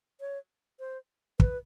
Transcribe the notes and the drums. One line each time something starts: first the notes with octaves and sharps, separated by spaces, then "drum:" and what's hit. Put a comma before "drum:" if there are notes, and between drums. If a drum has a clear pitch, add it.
C#5
C5
B4, drum: kick